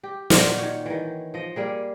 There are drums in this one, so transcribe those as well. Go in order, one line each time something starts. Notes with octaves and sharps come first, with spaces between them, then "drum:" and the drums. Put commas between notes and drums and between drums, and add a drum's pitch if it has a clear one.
G4
A#2 D#4 F4 F#4, drum: snare
D#3 C#5
D#3 E3
F3 D#5
G3 A#3 G#4